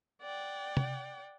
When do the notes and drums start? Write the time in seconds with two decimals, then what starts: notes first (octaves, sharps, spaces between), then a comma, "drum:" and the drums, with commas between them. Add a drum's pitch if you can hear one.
0.21 D5 F#5 G5
0.77 drum: tom